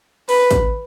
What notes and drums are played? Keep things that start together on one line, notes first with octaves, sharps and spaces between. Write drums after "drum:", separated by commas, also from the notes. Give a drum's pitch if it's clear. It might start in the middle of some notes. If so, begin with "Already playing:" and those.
B4, drum: open hi-hat
drum: kick, hi-hat